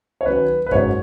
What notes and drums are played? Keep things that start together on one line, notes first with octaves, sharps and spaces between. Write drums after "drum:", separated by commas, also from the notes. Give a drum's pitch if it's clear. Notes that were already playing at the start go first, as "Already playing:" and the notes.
C#5
D#3 F#3 C#4 B4
B4
G#2 F#3 A#3 C#4 C#5, drum: kick F#2